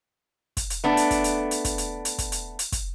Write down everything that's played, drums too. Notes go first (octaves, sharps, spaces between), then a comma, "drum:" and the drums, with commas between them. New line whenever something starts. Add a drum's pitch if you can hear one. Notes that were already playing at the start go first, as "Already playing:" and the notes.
drum: kick, hi-hat
drum: hi-hat
A3 B3 D4
drum: hi-hat
drum: kick, hi-hat
drum: hi-hat
drum: hi-hat
drum: kick, hi-hat
drum: hi-hat
drum: hi-hat
drum: kick, hi-hat
drum: hi-hat
drum: hi-hat
drum: kick, hi-hat